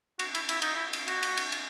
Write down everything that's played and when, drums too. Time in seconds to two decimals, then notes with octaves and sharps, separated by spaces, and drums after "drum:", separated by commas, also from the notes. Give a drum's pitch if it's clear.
0.19 F#4, drum: cymbal
0.35 E4, drum: cymbal
0.49 E4, drum: cymbal
0.62 D#4, drum: cymbal
0.75 E4
0.93 drum: cymbal
1.08 F#4, drum: cymbal
1.23 drum: cymbal
1.37 drum: cymbal
1.52 drum: cymbal